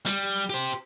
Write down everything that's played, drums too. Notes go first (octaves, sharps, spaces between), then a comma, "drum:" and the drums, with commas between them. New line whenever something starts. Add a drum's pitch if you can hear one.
G3, drum: hi-hat
G4 C5